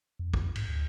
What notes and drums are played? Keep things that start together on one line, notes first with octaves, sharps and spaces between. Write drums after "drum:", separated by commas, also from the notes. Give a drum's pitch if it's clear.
F2
drum: kick
G#2, drum: cymbal
D2